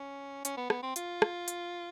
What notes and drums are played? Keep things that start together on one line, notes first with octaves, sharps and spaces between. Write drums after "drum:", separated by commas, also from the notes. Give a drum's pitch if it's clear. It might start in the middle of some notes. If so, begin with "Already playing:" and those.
Already playing: C#4
C#4, drum: hi-hat
B3
B3, drum: rim click
C4
F4, drum: hi-hat
drum: rim click
drum: hi-hat